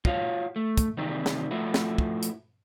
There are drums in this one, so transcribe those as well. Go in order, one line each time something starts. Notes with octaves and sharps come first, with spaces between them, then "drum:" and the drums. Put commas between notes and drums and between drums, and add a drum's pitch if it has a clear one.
F4 F#4 C#5 F5, drum: kick
A3
drum: kick, hi-hat
C3 D#3 E3 G3 C4
drum: snare
F3 A3 E4 F#4
drum: snare
drum: kick
drum: hi-hat